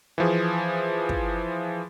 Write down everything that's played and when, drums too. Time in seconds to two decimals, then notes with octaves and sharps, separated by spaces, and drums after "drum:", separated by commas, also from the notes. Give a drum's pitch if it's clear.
0.18 E3 F3 G#4
1.09 drum: kick